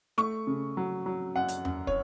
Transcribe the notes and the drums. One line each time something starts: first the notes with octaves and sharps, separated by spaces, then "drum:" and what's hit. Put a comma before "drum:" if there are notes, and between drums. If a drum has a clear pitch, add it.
A3 C#6, drum: snare
C#3
F#3
F#3
F#2 F#5
drum: hi-hat
F#2, drum: tom E2
C#5, drum: kick